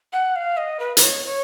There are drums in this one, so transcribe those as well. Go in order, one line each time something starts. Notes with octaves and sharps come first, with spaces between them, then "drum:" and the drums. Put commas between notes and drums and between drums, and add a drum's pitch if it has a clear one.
F#5
F5
D#5
B4
B4, drum: hi-hat
C#5
C#5